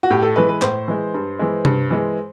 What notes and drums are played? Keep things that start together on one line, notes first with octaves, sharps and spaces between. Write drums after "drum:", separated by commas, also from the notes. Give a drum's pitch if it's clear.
F#4
A2 G4
A4
E3 G#3 B4
B4
A2 C5, drum: clap
E3 G#3
G2
E3 G#3
G2, drum: tom C3
E3 G#3